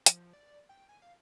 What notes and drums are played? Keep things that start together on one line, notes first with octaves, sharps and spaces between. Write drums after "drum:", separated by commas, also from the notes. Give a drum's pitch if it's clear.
F3, drum: hi-hat
D5
G5
G#5
F5